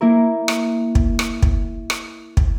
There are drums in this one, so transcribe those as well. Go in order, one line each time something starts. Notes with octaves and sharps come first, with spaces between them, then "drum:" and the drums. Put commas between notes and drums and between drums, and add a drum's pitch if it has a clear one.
A#3 E4 A#4
drum: rim click
drum: kick
drum: rim click
drum: kick
drum: rim click
drum: kick